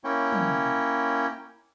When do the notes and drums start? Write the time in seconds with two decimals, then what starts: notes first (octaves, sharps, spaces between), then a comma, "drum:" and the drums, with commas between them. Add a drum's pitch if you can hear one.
0.04 A#3 C#4 E4 C#5 G5
0.33 drum: tom